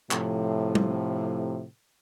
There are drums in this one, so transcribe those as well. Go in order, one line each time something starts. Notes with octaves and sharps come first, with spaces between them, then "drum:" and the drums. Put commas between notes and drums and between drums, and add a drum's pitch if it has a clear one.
A2 C3 F3, drum: clap
drum: tom